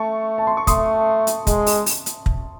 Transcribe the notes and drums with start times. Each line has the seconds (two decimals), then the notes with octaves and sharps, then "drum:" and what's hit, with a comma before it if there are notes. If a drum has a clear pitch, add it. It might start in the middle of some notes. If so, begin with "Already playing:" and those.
Already playing: A3 A5 C#6
0.38 A5
0.47 C6
0.57 C#6
0.67 A3 C6 D#6, drum: kick, hi-hat
1.27 drum: hi-hat
1.47 G#3, drum: kick, hi-hat
1.66 drum: open hi-hat
1.86 drum: open hi-hat
2.06 drum: hi-hat
2.26 drum: kick